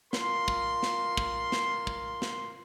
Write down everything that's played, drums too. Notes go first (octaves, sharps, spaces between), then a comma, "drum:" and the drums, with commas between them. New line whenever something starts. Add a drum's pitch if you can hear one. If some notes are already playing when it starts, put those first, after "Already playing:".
F4 A#4 C6, drum: snare
drum: kick
drum: snare
drum: kick
drum: snare
drum: kick
drum: snare